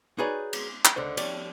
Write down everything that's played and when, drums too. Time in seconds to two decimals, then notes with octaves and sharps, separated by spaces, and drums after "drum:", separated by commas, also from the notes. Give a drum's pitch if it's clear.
0.18 D#4 F#4 G#4 B4 C#5 D5
0.53 drum: cymbal
0.85 drum: clap
0.96 C#2 D3 C5
1.17 F3 G3 C#5 D5, drum: cymbal